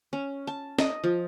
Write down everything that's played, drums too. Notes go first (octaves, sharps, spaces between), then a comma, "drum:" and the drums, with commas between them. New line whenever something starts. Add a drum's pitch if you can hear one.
C#4
A5
D#5, drum: snare
F3